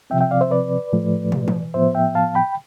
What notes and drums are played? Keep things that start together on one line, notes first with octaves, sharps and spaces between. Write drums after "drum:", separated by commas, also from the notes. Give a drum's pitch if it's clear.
C3 F3 C4 E5 G5
E5 G5
D5 F5
C5 E5
B4 D5
A2 F3 A3
drum: tom
drum: tom E3
A2 F3 B3 C5 E5
E5 G5
F5 A5
G5 B5